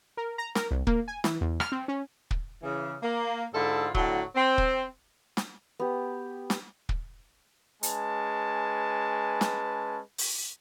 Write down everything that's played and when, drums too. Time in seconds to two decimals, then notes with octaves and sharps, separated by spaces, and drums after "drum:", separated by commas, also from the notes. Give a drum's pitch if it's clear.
0.17 A#4
0.38 A#5
0.55 A#4, drum: snare
0.71 C2
0.87 A#3, drum: kick
1.08 G#5
1.24 E3, drum: snare
1.41 E2
1.60 F6, drum: rim click
1.72 C4
1.88 C#4
2.31 drum: kick
2.62 C#3 E3
3.02 A#3
3.54 G#2 D3 E4 F4 A4
3.95 A2 D3 F#3, drum: kick
4.35 C4
4.58 drum: kick
5.37 drum: snare
5.80 B3 G4
6.50 drum: snare
6.89 drum: kick
7.83 G#3 C#4 B4 G#5 A5, drum: hi-hat
9.41 drum: snare
10.18 drum: open hi-hat